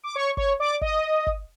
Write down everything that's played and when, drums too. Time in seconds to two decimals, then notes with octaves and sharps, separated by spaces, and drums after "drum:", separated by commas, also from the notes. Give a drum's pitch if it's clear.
0.04 D6
0.15 C#5 C#6
0.37 C#5 C#6, drum: kick G1
0.60 D5 D6
0.81 D#5 D#6, drum: kick G1
1.27 drum: kick G1